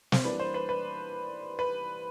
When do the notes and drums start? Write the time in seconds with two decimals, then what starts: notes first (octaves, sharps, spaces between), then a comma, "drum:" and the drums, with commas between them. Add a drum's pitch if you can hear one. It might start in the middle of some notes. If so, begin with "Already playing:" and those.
0.12 C5, drum: snare
0.24 E3 G3 A#3 D4 B4
0.40 C5
0.54 B4
0.69 B4
1.59 B4